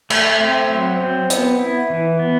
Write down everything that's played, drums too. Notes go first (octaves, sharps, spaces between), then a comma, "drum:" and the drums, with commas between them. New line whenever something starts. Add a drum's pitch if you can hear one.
A3, drum: cymbal
C4
F#3
C4
B3, drum: hi-hat
E4
E3
B3